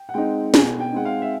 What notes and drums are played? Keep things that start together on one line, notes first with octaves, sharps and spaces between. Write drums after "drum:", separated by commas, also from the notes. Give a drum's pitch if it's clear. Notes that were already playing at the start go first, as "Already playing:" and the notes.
Already playing: G5
F#5
G#3 C4 D#4 G5
B2 G#5, drum: snare
G5
G#3 C4 D#4 F#5
F5
E5